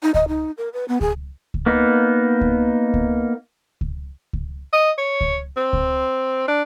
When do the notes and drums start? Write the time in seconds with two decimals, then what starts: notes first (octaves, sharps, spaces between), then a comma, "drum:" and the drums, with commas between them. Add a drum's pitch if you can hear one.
0.03 D#4
0.14 D#5, drum: kick C#2
0.28 D#4
0.58 A#4
0.73 B4
0.88 B3
1.01 G#4, drum: kick C#2
1.54 drum: kick C#2
1.66 A#3 B3 D#4
2.41 drum: kick C#2
2.94 drum: kick C#2
3.81 drum: kick C#2
4.33 drum: kick C#2
4.73 D#5
4.98 C#5
5.21 drum: kick C#2
5.57 C4
5.73 drum: kick C#2
6.48 D4